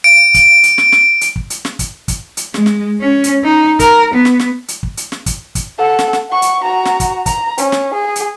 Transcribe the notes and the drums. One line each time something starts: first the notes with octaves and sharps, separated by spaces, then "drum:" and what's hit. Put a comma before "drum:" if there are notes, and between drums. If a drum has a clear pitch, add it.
D7
drum: kick, hi-hat
drum: hi-hat
drum: snare
drum: snare
drum: hi-hat
drum: kick
drum: hi-hat
drum: snare
drum: kick, hi-hat
drum: kick, hi-hat
drum: hi-hat
G#3, drum: snare
drum: snare
C#4
drum: hi-hat
D#4
A#4, drum: kick, hi-hat
B3
drum: snare
drum: snare
drum: hi-hat
drum: kick
drum: hi-hat
drum: snare
drum: kick, hi-hat
drum: kick, hi-hat
A4 F#5
drum: snare
drum: snare
F#5 C#6
drum: hi-hat
F#4 A#5
drum: snare
drum: kick, hi-hat
A#5, drum: kick, hi-hat
C#4, drum: hi-hat
drum: snare
G#4
drum: hi-hat